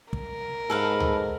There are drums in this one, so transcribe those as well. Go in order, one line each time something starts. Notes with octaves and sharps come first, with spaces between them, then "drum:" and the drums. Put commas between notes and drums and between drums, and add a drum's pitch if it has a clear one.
A#4, drum: kick
G#2 A4 B4 F5
drum: tom C#2